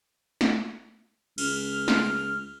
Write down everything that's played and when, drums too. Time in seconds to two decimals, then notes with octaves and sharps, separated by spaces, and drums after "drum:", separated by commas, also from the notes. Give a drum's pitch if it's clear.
0.41 drum: snare
1.38 C#2 F6, drum: cymbal
1.88 drum: snare